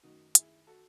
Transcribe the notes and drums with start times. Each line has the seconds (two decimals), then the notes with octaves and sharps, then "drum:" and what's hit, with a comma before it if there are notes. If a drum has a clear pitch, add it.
0.03 F#2 D#3 A3 D#4 F#4
0.35 E4 G#4, drum: hi-hat
0.67 F#4 A4